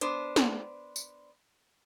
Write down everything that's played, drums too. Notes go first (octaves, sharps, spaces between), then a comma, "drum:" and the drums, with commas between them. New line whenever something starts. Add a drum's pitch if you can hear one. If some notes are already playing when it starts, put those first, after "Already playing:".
B3 D4 C5, drum: hi-hat
drum: snare
drum: tambourine